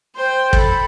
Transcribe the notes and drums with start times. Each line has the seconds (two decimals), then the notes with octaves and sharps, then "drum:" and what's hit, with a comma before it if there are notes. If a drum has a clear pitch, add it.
0.15 C5 G5
0.53 A4 B5, drum: kick